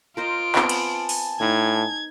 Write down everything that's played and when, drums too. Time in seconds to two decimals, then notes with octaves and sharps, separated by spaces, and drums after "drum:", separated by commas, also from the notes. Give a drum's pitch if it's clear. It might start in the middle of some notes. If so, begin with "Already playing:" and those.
0.17 F4 A#4 C5 D#5 D7
0.55 B3 C4 G#5 A5, drum: clap
0.69 drum: cymbal
1.09 drum: open hi-hat
1.41 A2 D#4 G#6